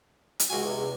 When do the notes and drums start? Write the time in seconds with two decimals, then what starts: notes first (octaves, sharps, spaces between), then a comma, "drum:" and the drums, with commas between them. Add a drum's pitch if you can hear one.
0.40 drum: hi-hat
0.50 C#2 F#4 G#5
0.63 E2 C3